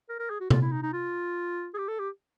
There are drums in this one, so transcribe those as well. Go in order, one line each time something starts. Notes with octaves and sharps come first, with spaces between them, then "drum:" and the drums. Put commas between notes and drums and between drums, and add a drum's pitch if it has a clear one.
A#4
A#4
G#4
F#4
F4, drum: tom C3
E4
D#4
D#4
F4
G#4
G4
A4
G4